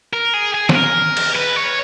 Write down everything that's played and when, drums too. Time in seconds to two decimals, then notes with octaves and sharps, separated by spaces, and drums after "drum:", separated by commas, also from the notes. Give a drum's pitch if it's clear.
0.13 A#4
0.34 G#4
0.54 G#4
0.69 G#4, drum: snare
0.74 A#4
1.17 drum: cymbal
1.36 B4
1.56 C#5